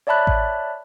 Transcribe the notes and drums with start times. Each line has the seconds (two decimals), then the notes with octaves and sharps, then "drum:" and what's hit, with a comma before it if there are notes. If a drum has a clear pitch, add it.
0.07 C#5 D5 E5 A5 B5 F#6
0.27 drum: kick A1